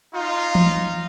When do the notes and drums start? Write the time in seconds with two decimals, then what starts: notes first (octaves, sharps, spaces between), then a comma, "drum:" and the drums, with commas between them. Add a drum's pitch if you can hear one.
0.13 D#4 F4
0.55 drum: tom E3